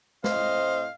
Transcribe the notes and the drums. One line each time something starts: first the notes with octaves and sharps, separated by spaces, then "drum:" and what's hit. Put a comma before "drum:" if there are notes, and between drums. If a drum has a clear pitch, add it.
A2 C4 C5 D#5 F5, drum: snare